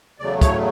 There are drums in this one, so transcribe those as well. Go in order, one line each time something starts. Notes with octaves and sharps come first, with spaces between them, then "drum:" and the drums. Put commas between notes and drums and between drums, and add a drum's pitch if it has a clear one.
E2 C#3 F#3 A3 D5
C#5, drum: kick, hi-hat